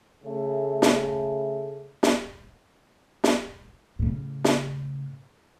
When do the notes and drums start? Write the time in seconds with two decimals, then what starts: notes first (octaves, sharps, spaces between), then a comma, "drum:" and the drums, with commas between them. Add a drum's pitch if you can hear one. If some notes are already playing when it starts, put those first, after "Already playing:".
0.24 C#3 A3
0.82 drum: snare
2.03 drum: snare
3.24 drum: snare
3.99 A2 C#3
4.44 drum: snare